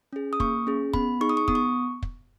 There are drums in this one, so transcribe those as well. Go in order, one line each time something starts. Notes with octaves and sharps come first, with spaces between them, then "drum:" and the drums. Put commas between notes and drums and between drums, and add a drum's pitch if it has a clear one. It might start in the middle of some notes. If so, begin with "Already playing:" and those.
C#4 G#4
D#6
A#3 C#6, drum: kick
C#4 G#4
B3 B5, drum: kick
D#4 G#4 C#6
D#6
C#6
B3 D#6, drum: kick
C#6
drum: kick